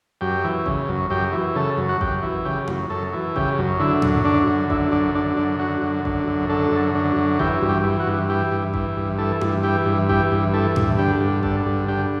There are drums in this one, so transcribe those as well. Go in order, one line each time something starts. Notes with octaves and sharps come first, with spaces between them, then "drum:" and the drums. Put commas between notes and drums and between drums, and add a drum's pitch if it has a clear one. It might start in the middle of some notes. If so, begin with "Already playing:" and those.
F#2 G4
E3
C#3, drum: kick A1
F#2
F#2 G4
E3
C#3 A4
F#2
F#4
F#2 G4, drum: kick A1
E3
C#3 G4
F#2, drum: tom E4
F#2 A4
E3
C#3 G4, drum: kick A1
F#2
D3 E4
F#2, drum: tom A2
D3 D4
F#2
D3 E4, drum: kick A1
F#2 D4
D3 D4
F#2 D4
D3 F#4
F#2
D3, drum: kick A1
F#2
D3 A4
F#2
D3
F#2
E3 G4, drum: kick A1
G2
G4
E3
F#4
G2
E3 G4
G2
E3, drum: kick A1
G2
E3 A4
G2, drum: tom E4
E3 G4
G2
E3 G4, drum: kick A1
G2
E3 A4
G2, drum: tom A2
D3 G4
G2
D3 A4, drum: kick A1
G2
D3 G4